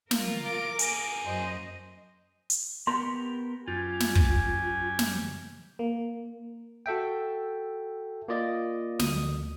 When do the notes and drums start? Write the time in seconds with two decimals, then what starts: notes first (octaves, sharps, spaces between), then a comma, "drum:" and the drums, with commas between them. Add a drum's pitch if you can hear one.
0.11 F4 A#4, drum: snare
0.44 D6
0.79 A#3 G#4, drum: hi-hat
1.26 F#2 C5 D#5
2.50 drum: hi-hat
2.87 B3 G4 A#4 C6
3.68 F#2 F4 G4 G#5
4.00 drum: snare
4.15 drum: kick
4.99 drum: snare
5.79 A#3
6.86 F#4 A4 E5 G5
8.28 A#3 F4 D5 D#5
8.99 D2 D#6, drum: snare